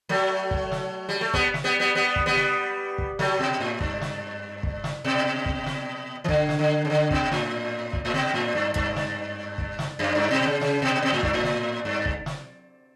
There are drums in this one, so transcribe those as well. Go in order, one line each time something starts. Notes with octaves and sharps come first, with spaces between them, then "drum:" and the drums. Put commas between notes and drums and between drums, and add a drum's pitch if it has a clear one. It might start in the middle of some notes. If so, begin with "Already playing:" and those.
F#3 A3
drum: kick
drum: snare
G3
A3
G3 B3, drum: kick
drum: snare
G3 B3
G3 B3
G3 B3
drum: kick
G3 B3
drum: snare
drum: kick
F#3 A3, drum: snare
B2
A2
G2, drum: kick
drum: snare
drum: kick
drum: snare
B2
drum: kick
drum: snare
E3
D3, drum: kick
drum: snare
D3
C#3
D3
B2, drum: kick
A2, drum: snare
drum: kick
A2
B2, drum: snare
A2
G2
G2, drum: kick
drum: snare
drum: kick
drum: snare
F#2
G2
B2
C#3
C#3, drum: snare
B2
B2
A2
G2, drum: kick
A2
drum: snare
G2
drum: kick
drum: snare